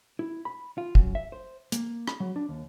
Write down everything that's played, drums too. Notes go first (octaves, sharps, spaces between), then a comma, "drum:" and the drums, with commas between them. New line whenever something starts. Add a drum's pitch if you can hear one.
E4
B5
F4
F#2, drum: kick
E5
C5
A#3, drum: hi-hat
B5, drum: rim click
F#3
D4
D#2